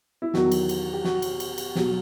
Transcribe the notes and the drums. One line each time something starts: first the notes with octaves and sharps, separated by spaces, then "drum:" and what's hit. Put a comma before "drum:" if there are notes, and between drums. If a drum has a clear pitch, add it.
E4
E2 D#3 F#3 F#4, drum: snare
drum: cymbal
drum: cymbal
G4
F#4, drum: snare
drum: cymbal
drum: cymbal
drum: cymbal
B1 B2 F#3 G4, drum: snare